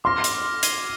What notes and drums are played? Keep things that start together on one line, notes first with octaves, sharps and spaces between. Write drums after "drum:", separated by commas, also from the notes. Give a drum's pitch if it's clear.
C6 D6 F6 A#6
drum: hi-hat
G#6 C7 D#7 G7, drum: hi-hat